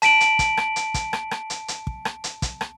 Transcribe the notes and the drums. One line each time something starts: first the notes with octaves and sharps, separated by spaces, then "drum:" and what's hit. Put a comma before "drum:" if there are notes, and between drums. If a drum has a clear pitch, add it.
A5 B6 D7 F#7, drum: hi-hat
drum: hi-hat
drum: kick, hi-hat
drum: rim click
drum: hi-hat
drum: kick, hi-hat
drum: rim click
drum: rim click
drum: hi-hat
drum: hi-hat
drum: kick
drum: rim click
drum: hi-hat
drum: kick, hi-hat
drum: rim click